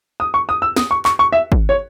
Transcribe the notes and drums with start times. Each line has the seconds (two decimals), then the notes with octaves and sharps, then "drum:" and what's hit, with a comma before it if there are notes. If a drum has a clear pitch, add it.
0.20 D#6
0.34 C#6
0.49 D#6
0.62 E6
0.76 D#6, drum: snare
0.91 C#6
1.05 C#6, drum: clap
1.19 C#6
1.32 E5
1.52 drum: kick
1.69 C#5